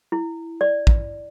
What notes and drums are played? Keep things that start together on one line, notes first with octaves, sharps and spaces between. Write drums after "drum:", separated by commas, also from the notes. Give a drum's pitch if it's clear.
E4
D5
drum: kick